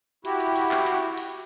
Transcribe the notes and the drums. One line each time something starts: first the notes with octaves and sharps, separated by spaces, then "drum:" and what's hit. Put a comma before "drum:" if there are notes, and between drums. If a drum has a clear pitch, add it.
E4 F#4 G4, drum: hi-hat
drum: hi-hat
drum: open hi-hat
drum: clap
drum: hi-hat
drum: open hi-hat